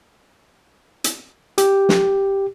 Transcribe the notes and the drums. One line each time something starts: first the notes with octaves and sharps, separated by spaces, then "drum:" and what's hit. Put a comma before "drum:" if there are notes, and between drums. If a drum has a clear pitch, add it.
drum: hi-hat
G4, drum: hi-hat
drum: snare